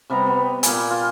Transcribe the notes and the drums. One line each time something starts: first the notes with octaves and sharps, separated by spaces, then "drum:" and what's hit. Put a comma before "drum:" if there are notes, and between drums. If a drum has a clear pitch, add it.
C3 G3 B3 A#5
B3
A#2 A#3 G#5, drum: hi-hat
F4